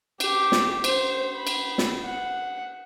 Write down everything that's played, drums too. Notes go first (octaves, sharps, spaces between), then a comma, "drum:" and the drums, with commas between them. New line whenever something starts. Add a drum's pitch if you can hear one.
G4, drum: cymbal
drum: snare
C5, drum: cymbal
B5
drum: cymbal
drum: snare
F#5